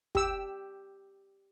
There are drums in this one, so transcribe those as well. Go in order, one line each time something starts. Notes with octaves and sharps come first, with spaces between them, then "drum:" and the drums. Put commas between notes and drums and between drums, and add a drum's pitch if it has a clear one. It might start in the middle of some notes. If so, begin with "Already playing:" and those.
G4 E6, drum: kick